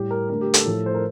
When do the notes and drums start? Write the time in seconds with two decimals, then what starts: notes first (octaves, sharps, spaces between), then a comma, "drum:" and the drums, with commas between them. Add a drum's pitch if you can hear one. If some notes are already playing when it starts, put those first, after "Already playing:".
Already playing: A2 G3 G4
0.11 A#4
0.29 D3 A3 A#4
0.41 G4
0.54 A4, drum: hi-hat
0.66 A2 F3 A3
0.86 C5
0.95 A#4